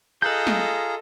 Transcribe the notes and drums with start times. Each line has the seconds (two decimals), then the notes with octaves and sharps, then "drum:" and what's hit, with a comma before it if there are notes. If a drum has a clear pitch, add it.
0.22 F4 G#4 A4 D#5 A#5 F#6 G6
0.47 drum: snare